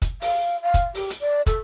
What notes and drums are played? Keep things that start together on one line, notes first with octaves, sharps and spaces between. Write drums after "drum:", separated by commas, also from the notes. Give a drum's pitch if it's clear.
drum: kick, hi-hat
F5, drum: open hi-hat
F5
drum: kick, hi-hat
G4, drum: open hi-hat
drum: hi-hat
D5
A4, drum: kick, hi-hat